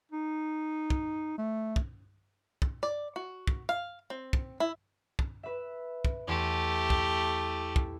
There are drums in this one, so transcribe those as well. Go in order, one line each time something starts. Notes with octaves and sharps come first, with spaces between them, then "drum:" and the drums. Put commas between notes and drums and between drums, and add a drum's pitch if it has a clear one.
D#4
drum: kick
A3
drum: kick
drum: kick
D5
F#4
drum: kick
F5
C4
drum: kick
E4
drum: kick
B4 E5
drum: kick
E2 A3 G4 C6 B6
drum: kick
drum: kick